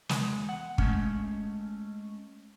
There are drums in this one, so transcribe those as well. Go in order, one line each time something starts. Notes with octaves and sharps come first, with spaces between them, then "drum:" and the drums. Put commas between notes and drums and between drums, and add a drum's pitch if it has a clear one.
E2 G#3, drum: snare
F#5
G#3 A3 C#4, drum: kick